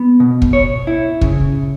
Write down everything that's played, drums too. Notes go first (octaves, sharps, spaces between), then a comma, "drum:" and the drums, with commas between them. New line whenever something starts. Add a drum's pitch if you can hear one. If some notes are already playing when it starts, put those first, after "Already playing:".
Already playing: B3
B2
drum: kick
C#5
E4
C#3, drum: kick